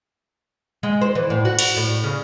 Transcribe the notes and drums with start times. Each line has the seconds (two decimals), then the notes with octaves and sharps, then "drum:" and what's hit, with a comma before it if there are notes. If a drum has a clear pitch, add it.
0.83 G#3
1.01 C5
1.15 E3
1.30 A2
1.45 F#4
1.59 drum: cymbal
1.77 A2
2.04 C#3